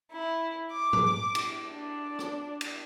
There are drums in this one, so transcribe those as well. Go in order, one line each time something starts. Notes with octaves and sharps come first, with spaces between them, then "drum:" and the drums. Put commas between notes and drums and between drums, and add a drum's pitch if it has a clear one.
E4
D6
drum: tom G#2
drum: cymbal
D4
drum: rim click
drum: cymbal